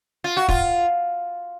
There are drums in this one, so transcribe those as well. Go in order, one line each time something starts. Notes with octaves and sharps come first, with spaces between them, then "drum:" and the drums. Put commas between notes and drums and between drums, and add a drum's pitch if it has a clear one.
F4
F#4
F4, drum: kick